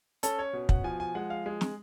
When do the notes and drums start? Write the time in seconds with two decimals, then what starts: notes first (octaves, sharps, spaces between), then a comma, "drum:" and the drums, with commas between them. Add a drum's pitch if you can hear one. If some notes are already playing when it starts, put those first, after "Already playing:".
0.23 C#4 A4, drum: hi-hat
0.39 C#5
0.53 B2
0.69 F#5, drum: kick
0.84 F3 G#5
1.00 G#5
1.15 G#3 F#5
1.30 F5
1.46 G#3
1.61 drum: snare